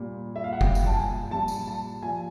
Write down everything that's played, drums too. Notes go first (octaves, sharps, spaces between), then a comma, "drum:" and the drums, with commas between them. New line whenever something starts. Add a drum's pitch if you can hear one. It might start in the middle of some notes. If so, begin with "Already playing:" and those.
Already playing: A#2 G3
E5
F5
F#5
A#2 G3 G5, drum: kick F1
drum: tambourine
A5
G#5
A#2 G3 A5
drum: tambourine
A5
A#2 F3 G#5